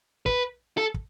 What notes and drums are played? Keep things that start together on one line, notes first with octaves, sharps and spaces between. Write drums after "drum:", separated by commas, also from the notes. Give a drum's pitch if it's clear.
B4, drum: kick
A4
drum: kick